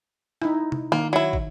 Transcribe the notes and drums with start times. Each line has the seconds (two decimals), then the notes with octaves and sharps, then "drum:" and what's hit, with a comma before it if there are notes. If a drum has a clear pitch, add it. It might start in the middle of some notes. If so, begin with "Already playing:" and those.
0.42 D#4 E4, drum: rim click
0.72 drum: tom C3
0.92 D#3 A#3
1.13 F#3 E4
1.33 drum: kick